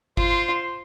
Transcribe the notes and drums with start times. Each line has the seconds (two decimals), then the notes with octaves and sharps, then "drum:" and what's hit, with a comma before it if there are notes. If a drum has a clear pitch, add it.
0.17 F4 C5, drum: kick G1